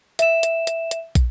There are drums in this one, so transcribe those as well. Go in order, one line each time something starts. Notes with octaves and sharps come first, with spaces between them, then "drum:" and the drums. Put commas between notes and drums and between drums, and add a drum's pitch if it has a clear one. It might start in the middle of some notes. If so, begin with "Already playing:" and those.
E5 E7, drum: hi-hat
drum: hi-hat
drum: hi-hat
drum: hi-hat
drum: kick, hi-hat